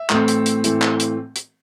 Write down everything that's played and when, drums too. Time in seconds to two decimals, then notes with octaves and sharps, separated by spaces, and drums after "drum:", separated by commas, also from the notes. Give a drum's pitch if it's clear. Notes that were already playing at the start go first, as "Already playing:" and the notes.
Already playing: E5
0.10 A2 E3 A3 C4, drum: clap
0.28 drum: hi-hat
0.46 drum: hi-hat
0.64 A2 E3 A3 C4, drum: hi-hat
0.82 drum: clap
1.00 drum: hi-hat
1.36 drum: hi-hat